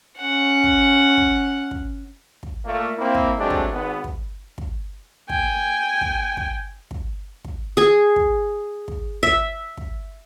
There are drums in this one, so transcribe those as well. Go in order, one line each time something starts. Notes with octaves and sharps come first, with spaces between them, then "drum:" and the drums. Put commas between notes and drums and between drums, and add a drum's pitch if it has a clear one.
C#4 F#5
drum: kick
drum: kick
drum: kick
drum: kick
A#2 A3 A#3
A#3 C4 E4
drum: kick
F#3 G#3 A3 C4 D4 G4
drum: kick
G#1 B3
drum: kick
drum: kick
G5 G#5, drum: kick
drum: kick
drum: kick
drum: kick
drum: kick
G#4 G#5
drum: kick
drum: kick
E5, drum: kick
drum: kick